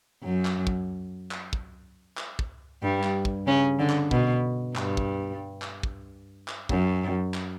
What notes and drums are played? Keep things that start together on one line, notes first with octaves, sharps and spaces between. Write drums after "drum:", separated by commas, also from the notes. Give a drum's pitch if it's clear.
F#2 F#3
drum: clap
drum: kick
drum: clap
drum: kick
drum: clap
drum: kick
G2 G3
drum: clap
drum: kick
C#3 C#4
D3
drum: clap
B2, drum: kick
G2, drum: clap
drum: kick
drum: clap
drum: kick
drum: clap
F#2, drum: kick
drum: clap